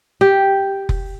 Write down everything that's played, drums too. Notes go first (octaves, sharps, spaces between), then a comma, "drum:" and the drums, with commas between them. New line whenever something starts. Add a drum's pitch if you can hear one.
G4
drum: kick F1